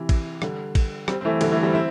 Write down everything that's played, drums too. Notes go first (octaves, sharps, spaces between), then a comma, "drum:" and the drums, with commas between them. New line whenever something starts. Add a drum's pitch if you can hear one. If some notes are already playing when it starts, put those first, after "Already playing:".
Already playing: C3 E3
drum: kick A1, cymbal
D3 G3, drum: rim click
drum: kick A1, cymbal
G3 C4, drum: rim click
C4
E3 A3
D3 G3, drum: cymbal
E3 A3
G3 C4
C4 E4